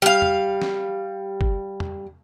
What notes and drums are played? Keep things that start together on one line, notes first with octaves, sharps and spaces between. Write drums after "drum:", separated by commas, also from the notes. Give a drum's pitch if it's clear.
G3 F5
drum: tom E2
drum: snare
drum: kick G1
drum: tom E2